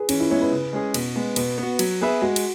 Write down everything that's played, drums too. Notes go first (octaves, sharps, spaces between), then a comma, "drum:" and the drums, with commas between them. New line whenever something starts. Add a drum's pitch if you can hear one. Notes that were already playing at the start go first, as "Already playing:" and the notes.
Already playing: G#4 B4
E3 C#4, drum: cymbal
E4
G#3 B3 E4 C#5
B4
C#3
G#3 C#4 G#4
B2, drum: cymbal
G#3 B3
B2 B4, drum: cymbal
B3 F#4
F#3, drum: cymbal
B3 G#4 B4 E5
G#3 F#4
drum: cymbal